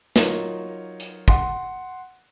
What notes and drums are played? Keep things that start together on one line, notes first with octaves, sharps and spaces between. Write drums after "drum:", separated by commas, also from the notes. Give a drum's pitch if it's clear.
F#3 D#4 F4 A#4 C#5, drum: snare
drum: hi-hat
F#5 C6, drum: kick